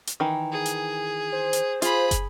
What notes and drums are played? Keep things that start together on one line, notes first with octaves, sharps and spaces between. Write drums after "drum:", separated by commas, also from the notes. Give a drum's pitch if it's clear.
drum: hi-hat
D#3 E3
G#4
drum: hi-hat
C5
drum: hi-hat
F4 G#4 B5, drum: hi-hat
drum: kick, hi-hat